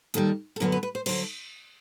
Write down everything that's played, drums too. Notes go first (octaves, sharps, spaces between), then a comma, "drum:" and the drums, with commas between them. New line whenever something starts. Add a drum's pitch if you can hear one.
D#2 D#3 G3 A4, drum: hi-hat
A4
F#2 D3 F#3 B3 A#4
B4
B4
C5
D3 F#3 C5, drum: cymbal